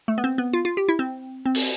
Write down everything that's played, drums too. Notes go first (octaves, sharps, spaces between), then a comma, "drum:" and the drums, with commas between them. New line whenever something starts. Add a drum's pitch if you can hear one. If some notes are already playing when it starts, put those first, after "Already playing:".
A3
B3
C4
B3
F4
F4
G4
E4
C4
C4
drum: open hi-hat